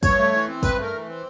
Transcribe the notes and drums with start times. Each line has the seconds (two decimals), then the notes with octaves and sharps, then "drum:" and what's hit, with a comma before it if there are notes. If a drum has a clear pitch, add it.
0.03 G2 C#5, drum: kick A1, tambourine
0.18 A3
0.33 E3
0.48 C4
0.63 G2 B4, drum: kick A1, tambourine
0.78 A3 A#4
0.93 E3
1.08 C4